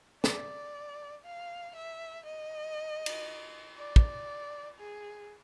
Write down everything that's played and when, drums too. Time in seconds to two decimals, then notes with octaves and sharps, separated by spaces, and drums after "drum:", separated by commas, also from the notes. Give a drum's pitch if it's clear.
0.24 D5, drum: snare
1.25 F5
1.75 E5
2.26 D#5
3.06 drum: cymbal
3.77 D5
3.96 drum: kick
4.79 G#4